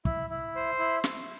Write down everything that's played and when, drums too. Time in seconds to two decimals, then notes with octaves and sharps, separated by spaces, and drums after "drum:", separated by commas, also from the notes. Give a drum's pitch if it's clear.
0.05 E4, drum: kick
0.30 E4
0.55 C5
0.79 E4
1.04 drum: snare